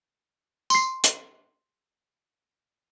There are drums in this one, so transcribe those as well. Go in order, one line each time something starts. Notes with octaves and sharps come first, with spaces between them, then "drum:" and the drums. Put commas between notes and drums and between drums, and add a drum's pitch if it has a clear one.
C6 C7, drum: tambourine
drum: hi-hat